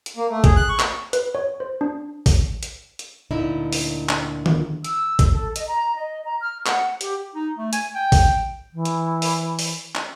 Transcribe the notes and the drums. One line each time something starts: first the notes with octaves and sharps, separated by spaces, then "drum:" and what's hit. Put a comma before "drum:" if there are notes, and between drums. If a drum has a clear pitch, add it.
drum: hi-hat
A#3
A3
G#4, drum: kick, hi-hat
F#6
C#6
drum: clap
B4, drum: hi-hat
C#5
C5
D4
drum: kick, open hi-hat
drum: hi-hat
drum: hi-hat
D2 A#2 D3 D#4 E4
drum: open hi-hat
drum: clap
drum: tom D#3
E6, drum: hi-hat
drum: kick, hi-hat
A4
D#5, drum: hi-hat
A#5
D#5
A#5
F6
F#5, drum: clap
G4, drum: hi-hat
D#4
A3
G#5, drum: hi-hat
G5
drum: kick, open hi-hat
E3
drum: hi-hat
drum: open hi-hat
drum: open hi-hat
drum: clap